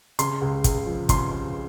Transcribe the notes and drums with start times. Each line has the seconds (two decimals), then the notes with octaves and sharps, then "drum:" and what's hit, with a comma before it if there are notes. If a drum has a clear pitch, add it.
0.19 C#3 C6, drum: hi-hat
0.41 C#2
0.64 C#2, drum: kick, hi-hat
0.86 F3
1.09 C#3 C6, drum: kick, hi-hat